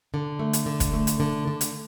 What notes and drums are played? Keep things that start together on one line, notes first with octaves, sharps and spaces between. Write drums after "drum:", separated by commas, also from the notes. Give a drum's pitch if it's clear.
D3
A3
drum: hi-hat
D3
drum: kick, hi-hat
A3
drum: hi-hat
D3
D3
drum: hi-hat